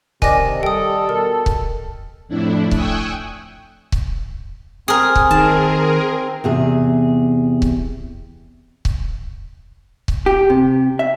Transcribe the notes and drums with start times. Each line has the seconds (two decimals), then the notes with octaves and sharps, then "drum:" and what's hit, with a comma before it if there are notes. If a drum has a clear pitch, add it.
0.22 C3 D#3 D4 G#5 A#6, drum: kick C#1
0.63 G3 A4 G5 D#6
1.09 B2 A#4
1.46 drum: kick C#1
2.28 F2 A2 D4 E4
2.71 G5 G#5 C#6 D#6 E6 F#6, drum: kick C#1
3.92 drum: kick C#1
4.88 C4 G#4 A#4
5.16 drum: kick C#1
5.31 D#3 G#4 A#4 A5
6.44 E2 C3 G#4
7.62 drum: kick C#1
8.85 drum: kick C#1
10.08 drum: kick C#1
10.26 G4
10.50 C3
10.99 E5